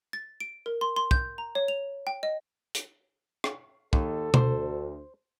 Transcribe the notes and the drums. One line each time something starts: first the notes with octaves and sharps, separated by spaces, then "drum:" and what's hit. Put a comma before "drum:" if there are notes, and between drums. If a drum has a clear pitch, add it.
A6
D7
A#4
C6
C6
G6, drum: kick
A#5
C#5
F7
G5
D#5
drum: hi-hat
drum: rim click
D#2 A4, drum: kick
D2 C5, drum: tom